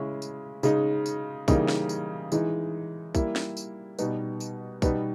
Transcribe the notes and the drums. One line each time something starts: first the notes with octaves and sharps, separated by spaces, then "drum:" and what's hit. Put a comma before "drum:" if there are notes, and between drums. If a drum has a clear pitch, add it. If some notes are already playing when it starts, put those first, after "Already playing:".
Already playing: C#3 G#3 C#4 E4
drum: tambourine
C#3 G#3 D#4, drum: tambourine
drum: tambourine
C#3 E3 G3 A#3 D#4, drum: kick, tambourine
drum: snare
drum: tambourine
E3 G#3 D#4, drum: tambourine
G3 A#3 E4, drum: kick, tambourine
drum: snare
drum: tambourine
B2 G3 B3 D#4, drum: tambourine
drum: tambourine
B2 G3 B3 D#4, drum: kick, tambourine